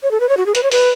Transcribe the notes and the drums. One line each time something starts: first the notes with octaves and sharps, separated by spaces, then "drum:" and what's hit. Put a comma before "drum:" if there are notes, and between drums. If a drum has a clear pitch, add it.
C#5
A4
B4
C#5
F#4
G#4
B4, drum: hi-hat
C#5
B4, drum: open hi-hat